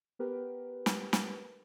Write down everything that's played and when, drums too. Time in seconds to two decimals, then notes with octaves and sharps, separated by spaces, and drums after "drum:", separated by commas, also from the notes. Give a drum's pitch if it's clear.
0.19 B3 G4 A#4 B4 G5
0.86 drum: snare
1.13 drum: snare